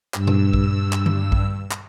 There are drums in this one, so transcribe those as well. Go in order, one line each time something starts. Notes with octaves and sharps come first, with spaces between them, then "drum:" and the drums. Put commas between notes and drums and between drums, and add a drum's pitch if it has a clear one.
G2 E6, drum: clap
drum: tom A#2
drum: kick A#1
drum: clap
drum: tom D3
drum: kick A#1
drum: clap